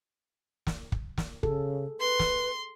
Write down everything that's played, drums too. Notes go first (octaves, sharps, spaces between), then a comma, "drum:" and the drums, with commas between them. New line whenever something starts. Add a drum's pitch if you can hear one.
drum: snare
drum: kick
drum: snare
C#3 G#4 A4, drum: kick
B4 C6
drum: snare